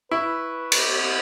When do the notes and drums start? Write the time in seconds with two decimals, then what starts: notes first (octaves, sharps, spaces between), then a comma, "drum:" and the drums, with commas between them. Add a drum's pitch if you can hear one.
0.11 E4 B4 C#6
0.72 drum: cymbal